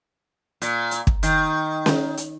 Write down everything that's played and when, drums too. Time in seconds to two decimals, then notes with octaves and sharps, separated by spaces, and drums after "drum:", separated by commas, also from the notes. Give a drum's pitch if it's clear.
0.62 A#2, drum: hi-hat
0.91 drum: hi-hat
1.07 drum: kick
1.23 D#3, drum: hi-hat
1.86 drum: snare C#4
2.17 drum: hi-hat